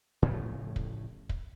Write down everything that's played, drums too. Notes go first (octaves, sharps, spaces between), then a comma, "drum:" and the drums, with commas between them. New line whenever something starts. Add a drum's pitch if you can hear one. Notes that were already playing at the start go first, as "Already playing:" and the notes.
A2 C#3 F3 A3
drum: kick
drum: kick